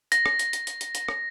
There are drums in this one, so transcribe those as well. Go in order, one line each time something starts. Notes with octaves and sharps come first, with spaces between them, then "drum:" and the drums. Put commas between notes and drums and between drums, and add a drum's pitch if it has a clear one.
A#6, drum: hi-hat
drum: rim click
drum: hi-hat
drum: hi-hat
drum: hi-hat
drum: hi-hat
drum: hi-hat
drum: rim click